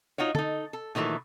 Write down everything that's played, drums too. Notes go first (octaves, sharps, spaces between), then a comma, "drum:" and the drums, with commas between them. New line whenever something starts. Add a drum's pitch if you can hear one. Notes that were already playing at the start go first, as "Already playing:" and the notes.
D#4 F4 F#4 C#5
D#4 A4, drum: tom
A4
A#2 D#3 E3 F#3 A3